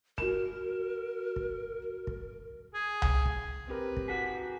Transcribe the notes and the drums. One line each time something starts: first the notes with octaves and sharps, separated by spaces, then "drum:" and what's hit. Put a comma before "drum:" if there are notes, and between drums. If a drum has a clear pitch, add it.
F#4 A#4 E7, drum: kick
drum: kick
drum: kick
G#4
drum: tom C2
drum: kick
C4 G4 A#4 B4
drum: kick
F#4 G#4 B6